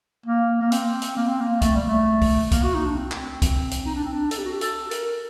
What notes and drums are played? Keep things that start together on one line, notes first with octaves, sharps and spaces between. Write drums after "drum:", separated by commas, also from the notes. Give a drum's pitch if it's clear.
A#3
A#3
C4, drum: hi-hat
drum: hi-hat
A#3
C4
A#3
A3, drum: kick B1, hi-hat
G3
A3
drum: kick B1, open hi-hat
A#3, drum: kick B1, hi-hat
F#4
D#4
D4
C4
drum: clap
C4, drum: kick B1, hi-hat
drum: hi-hat
D#4
D4
C4
D4
A4, drum: hi-hat
G4
F#4
G4
A4, drum: hi-hat
A#4, drum: hi-hat